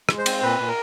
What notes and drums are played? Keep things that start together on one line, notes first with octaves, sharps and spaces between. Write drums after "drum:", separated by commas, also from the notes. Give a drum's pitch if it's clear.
G#3, drum: rim click
C5
C4, drum: cymbal
A#2 B4
A#2
A#4